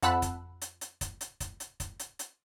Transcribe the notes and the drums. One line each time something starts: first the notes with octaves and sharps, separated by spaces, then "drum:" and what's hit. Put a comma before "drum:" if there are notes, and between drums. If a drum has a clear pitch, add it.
F2 F#5 A5 B5 E6 F#6, drum: hi-hat
drum: kick, hi-hat
drum: hi-hat
drum: hi-hat
drum: kick, hi-hat
drum: hi-hat
drum: kick, hi-hat
drum: hi-hat
drum: kick, hi-hat
drum: hi-hat
drum: hi-hat